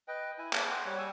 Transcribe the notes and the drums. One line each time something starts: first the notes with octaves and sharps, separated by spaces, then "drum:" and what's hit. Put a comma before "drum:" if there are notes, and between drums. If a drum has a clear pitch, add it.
B4 D#5 G5
E4 G#5
A#3 G#4, drum: clap
F#5 G5 C6
G3 C#5
G3 G#5 C#6 E6